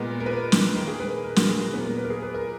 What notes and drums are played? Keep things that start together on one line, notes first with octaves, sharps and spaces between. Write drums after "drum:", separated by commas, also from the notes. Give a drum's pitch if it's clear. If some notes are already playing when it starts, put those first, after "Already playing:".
Already playing: A#2 G#3 B3 A#4
A#4
B4
drum: snare
D#3 A#3 A#4
G#4
B4
A#4
F#4, drum: snare
G#4
A#4
A#2 F#3 B3 B4
A#4
B4
A#4
G#4
B4
A#4